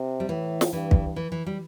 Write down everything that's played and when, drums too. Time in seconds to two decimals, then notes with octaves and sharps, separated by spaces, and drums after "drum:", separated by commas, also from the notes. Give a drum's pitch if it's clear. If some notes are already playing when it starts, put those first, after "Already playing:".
Already playing: C3
0.20 G3
0.29 A2 E3
0.61 drum: snare
0.73 G2 E3
0.91 drum: kick
1.16 E3
1.32 E3
1.46 G3